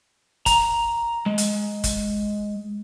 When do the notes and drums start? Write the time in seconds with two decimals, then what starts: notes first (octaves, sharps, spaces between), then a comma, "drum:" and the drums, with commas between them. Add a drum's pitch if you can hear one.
0.46 A#5, drum: kick, hi-hat
1.26 G#3
1.38 drum: hi-hat
1.84 drum: kick, hi-hat